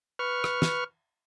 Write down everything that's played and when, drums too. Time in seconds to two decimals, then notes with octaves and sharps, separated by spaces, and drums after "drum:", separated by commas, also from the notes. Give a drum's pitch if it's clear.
0.19 B4 C#6 F6
0.44 drum: rim click
0.62 drum: snare